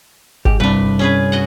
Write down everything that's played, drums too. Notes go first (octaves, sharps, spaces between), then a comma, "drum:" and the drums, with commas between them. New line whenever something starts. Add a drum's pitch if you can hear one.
G#2 G4, drum: kick G1
C2 G2 D4 B4
C#4 G#4 B4
F#4 D#5 F#5